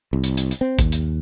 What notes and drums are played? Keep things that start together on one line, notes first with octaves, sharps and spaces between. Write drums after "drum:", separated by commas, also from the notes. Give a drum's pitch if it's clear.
C2
drum: hi-hat
drum: hi-hat
drum: hi-hat
C4
D#2, drum: kick A1, hi-hat
drum: hi-hat